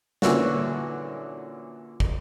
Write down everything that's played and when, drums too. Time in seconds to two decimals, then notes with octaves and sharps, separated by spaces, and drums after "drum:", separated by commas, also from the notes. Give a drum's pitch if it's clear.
0.22 A#2 D3 E3 C#4 F#4, drum: snare
2.00 drum: kick